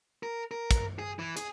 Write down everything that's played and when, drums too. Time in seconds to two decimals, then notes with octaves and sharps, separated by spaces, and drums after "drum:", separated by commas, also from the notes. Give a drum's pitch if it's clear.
0.23 A#4
0.51 A#4
0.71 drum: kick, hi-hat
0.99 G#4
1.19 E3
1.37 G#4, drum: hi-hat